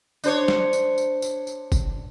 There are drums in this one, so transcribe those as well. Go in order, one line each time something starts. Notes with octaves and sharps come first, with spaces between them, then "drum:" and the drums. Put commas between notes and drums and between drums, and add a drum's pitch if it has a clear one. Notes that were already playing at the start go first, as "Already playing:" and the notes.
D4 C5 C#5, drum: tambourine
drum: snare
drum: tambourine
drum: tambourine
drum: tambourine
drum: tambourine
drum: kick, tambourine